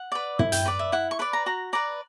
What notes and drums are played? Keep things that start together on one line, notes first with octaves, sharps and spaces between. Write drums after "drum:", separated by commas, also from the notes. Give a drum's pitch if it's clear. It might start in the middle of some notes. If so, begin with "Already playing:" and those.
Already playing: F#5
B4 D5
E4, drum: tom
G5, drum: hi-hat
B4 D5
E5
E4 F#5
C#6
B4 D5 B5
A#5
F#4 A#5
B4 D5 A#5